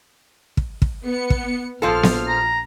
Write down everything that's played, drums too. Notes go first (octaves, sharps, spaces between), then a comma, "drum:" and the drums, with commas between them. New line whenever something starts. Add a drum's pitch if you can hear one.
drum: kick
drum: kick
B3 C#7
drum: kick
A#1 F3 F4 A4 F6
drum: snare B3
A#5